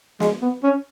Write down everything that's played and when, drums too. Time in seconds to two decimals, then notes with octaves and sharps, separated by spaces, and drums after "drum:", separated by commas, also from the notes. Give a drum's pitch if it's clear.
0.20 G#3, drum: snare
0.42 B3
0.63 C#4